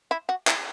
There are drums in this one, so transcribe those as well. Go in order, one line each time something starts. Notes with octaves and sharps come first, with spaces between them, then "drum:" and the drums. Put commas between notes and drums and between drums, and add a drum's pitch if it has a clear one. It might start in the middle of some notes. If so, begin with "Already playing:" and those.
E4
F#4
E4, drum: clap